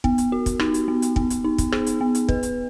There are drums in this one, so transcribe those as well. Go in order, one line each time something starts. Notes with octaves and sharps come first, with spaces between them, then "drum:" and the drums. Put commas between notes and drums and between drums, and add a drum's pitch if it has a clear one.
B3, drum: kick
drum: hi-hat
F#4
drum: kick, hi-hat
D#4, drum: rim click
drum: hi-hat
B3
drum: hi-hat
B3, drum: kick
drum: hi-hat
D#4
drum: kick, hi-hat
G#4, drum: rim click
drum: hi-hat
B3
drum: hi-hat
B4, drum: kick
drum: hi-hat